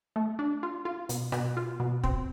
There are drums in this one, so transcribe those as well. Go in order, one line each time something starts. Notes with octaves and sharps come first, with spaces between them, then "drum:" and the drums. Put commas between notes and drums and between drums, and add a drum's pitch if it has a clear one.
A3
D4
F4
F4
B2, drum: hi-hat
B2, drum: rim click
F4
B2
C4, drum: kick